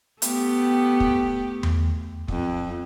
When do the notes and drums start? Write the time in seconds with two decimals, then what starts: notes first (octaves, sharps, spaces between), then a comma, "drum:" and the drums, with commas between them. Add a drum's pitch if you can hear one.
0.22 A3 B3 G4, drum: hi-hat
1.00 drum: kick
1.63 drum: tom E2
2.28 F2, drum: kick